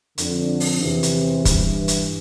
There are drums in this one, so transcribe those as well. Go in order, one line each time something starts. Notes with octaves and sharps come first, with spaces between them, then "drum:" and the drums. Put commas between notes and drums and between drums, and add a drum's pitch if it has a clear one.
F2 D3, drum: hi-hat
drum: open hi-hat
E2 C3 E3
drum: hi-hat
G2 E3, drum: kick, hi-hat
drum: hi-hat